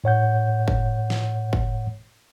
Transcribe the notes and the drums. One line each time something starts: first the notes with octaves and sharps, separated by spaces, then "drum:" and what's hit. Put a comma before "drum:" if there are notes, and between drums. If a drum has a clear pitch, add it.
A2 C#5 F#5 G6
drum: kick F#1
drum: snare
drum: kick F#1